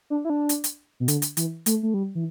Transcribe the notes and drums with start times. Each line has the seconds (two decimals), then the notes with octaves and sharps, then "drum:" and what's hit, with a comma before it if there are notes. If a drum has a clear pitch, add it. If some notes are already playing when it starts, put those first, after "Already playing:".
0.10 D4
0.25 E4
0.30 D4
0.49 drum: hi-hat
0.64 drum: hi-hat
1.00 B2
1.08 D3, drum: hi-hat
1.22 drum: hi-hat
1.37 E3, drum: hi-hat
1.66 A3, drum: hi-hat
1.83 A3
1.94 G3
2.15 E3